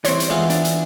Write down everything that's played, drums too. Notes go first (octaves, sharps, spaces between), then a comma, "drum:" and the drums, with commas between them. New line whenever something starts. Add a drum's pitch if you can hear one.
E3 G3 C4 C#5 C6, drum: hi-hat
drum: hi-hat
E3 G#3 B3 F4
D4, drum: hi-hat
drum: hi-hat